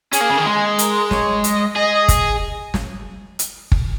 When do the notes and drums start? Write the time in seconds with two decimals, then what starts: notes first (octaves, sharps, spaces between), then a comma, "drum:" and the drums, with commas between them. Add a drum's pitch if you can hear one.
0.13 C#4 G#4, drum: hi-hat
0.21 A#3
0.30 C#3
0.37 D#3
0.46 G#3
0.79 A#4, drum: hi-hat
1.11 C#5, drum: snare
1.44 D#5, drum: hi-hat
1.76 G#4 D#5
2.08 drum: kick, hi-hat
2.74 drum: snare
3.39 drum: hi-hat
3.72 drum: kick